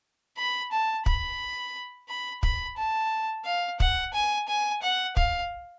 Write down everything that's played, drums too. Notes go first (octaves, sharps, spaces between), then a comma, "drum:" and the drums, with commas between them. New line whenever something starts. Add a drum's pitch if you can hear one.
B5
A5
B5, drum: kick
B5
B5, drum: kick
A5
F5
F#5, drum: kick
G#5
G#5
F#5
F5, drum: kick